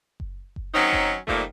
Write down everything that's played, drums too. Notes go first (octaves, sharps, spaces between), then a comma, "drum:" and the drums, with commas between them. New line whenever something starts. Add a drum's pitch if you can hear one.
drum: kick F#1
drum: kick F#1
D#3 F#3 C4 C#4 D#4
drum: kick F#1
A#2 D#3 F3 G3 A3 A#3, drum: kick F#1